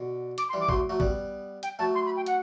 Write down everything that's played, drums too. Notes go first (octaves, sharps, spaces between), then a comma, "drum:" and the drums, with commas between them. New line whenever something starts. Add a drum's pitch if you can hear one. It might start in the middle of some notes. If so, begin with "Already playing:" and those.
Already playing: B2 D3
D6, drum: hi-hat
C6
E3 G3
D6
F#3 A3 C6, drum: kick
F#3 A3
G3 B3, drum: kick
G5, drum: hi-hat
F#3 A3 A5
C6
B5
G5
F#5, drum: hi-hat